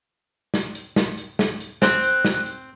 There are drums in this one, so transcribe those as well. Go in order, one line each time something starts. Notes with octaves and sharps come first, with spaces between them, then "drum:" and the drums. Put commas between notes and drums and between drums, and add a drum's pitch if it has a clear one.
drum: snare
drum: hi-hat
drum: snare
drum: hi-hat
drum: snare
drum: hi-hat
C4 F#6, drum: snare
drum: hi-hat
drum: snare
drum: hi-hat